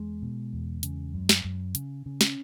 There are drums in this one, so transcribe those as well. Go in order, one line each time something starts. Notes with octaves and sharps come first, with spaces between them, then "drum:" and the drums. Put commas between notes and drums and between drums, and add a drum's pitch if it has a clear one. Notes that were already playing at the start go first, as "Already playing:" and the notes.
Already playing: E2 G#3
B2
E2
C#3, drum: hi-hat
F#2
drum: snare
F#2
C#3, drum: hi-hat
C#3
C#4, drum: snare